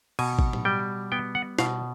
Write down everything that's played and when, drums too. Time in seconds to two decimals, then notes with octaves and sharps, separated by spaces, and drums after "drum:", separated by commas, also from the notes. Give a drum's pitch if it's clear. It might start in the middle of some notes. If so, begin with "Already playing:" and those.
0.19 B2 G#5, drum: cymbal
0.39 drum: kick G#1
0.53 drum: tom A2
0.65 G3 G5
1.12 B3 G5
1.35 F#5
1.59 B2 F5, drum: snare